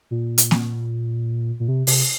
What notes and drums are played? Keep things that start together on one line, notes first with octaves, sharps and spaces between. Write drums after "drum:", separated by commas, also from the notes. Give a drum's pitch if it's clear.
A#2
drum: hi-hat
drum: snare A#3
A#2
C3
C3, drum: open hi-hat